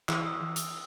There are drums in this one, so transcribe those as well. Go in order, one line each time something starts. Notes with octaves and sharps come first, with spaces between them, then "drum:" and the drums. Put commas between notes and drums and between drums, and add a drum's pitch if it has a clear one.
E3 E6, drum: clap
D#6
drum: hi-hat